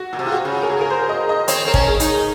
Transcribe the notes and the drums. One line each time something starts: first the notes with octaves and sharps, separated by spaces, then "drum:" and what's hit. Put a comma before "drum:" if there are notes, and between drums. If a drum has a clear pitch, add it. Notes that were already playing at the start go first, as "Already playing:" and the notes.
Already playing: F#4
A#2
C3
F4
F#4
C#3
A#4
G#4
A#4
C5
D#5
D#5
C4 C#5, drum: hi-hat
C4 A#4
C#4, drum: kick
G#4
D#4, drum: hi-hat